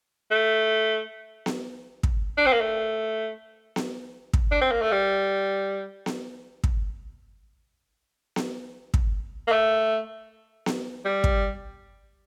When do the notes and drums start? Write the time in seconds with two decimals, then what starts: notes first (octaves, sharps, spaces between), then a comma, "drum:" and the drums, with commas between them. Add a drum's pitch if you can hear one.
0.31 A3
1.46 drum: snare B3
2.03 drum: kick
2.37 D4
2.46 C4
2.53 A#3
2.61 A3
3.76 drum: snare B3
4.33 drum: kick
4.51 D4
4.61 C4
4.71 A#3
4.82 A3
4.92 G3
6.06 drum: snare B3
6.64 drum: kick
8.36 drum: snare B3
8.94 drum: kick
9.47 A#3
9.52 A3
10.66 drum: snare B3
11.05 G3
11.24 drum: kick